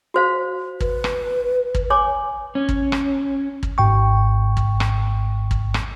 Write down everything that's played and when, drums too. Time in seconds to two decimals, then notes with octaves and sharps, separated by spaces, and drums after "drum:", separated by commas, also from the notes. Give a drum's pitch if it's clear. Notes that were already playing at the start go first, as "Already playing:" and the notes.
0.14 F#4 C5 F5
0.80 B4, drum: kick
1.04 drum: rim click
1.75 drum: kick
1.90 C#5 G#5 D6
2.55 C#4
2.69 drum: kick
2.92 drum: rim click
3.63 drum: kick
3.78 G#1 G#2 G5 C#6
4.57 drum: kick
4.80 drum: rim click
5.51 drum: kick
5.74 drum: rim click